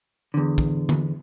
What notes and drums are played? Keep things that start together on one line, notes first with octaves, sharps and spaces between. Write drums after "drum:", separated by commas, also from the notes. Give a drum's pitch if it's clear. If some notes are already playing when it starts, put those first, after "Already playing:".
E2 D3
drum: kick
drum: tom D3